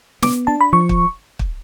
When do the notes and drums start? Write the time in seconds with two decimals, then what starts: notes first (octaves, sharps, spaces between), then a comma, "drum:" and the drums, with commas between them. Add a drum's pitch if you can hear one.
0.22 B3 D6, drum: snare
0.47 D4 A5
0.61 B5
0.73 F3 C#6
0.89 drum: kick
1.39 drum: kick